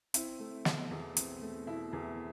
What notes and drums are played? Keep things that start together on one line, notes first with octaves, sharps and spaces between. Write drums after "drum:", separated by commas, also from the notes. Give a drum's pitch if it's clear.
C4 E4, drum: hi-hat
A3
B2, drum: snare
E2
C4, drum: hi-hat
A3
B2 E4
E2